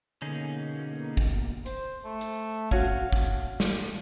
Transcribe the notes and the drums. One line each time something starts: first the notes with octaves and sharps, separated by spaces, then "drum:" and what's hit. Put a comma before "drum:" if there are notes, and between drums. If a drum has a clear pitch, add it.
B2 D3 A#3 C#4 D#4 G#4
drum: kick
C5, drum: hi-hat
A3
drum: hi-hat
C#4 F#4 F5, drum: kick
drum: kick
drum: snare